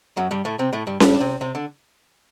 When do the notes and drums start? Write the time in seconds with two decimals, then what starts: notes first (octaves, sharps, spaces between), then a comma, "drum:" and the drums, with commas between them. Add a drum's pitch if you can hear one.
0.17 F#2 F#3
0.31 G2 G3
0.45 A2 A3
0.59 C3 C4
0.73 A2 A3
0.87 G2 G3
1.00 G2 G3, drum: snare C#4
1.15 D4
1.20 C3 C4
1.41 C3 C4
1.55 D3 D4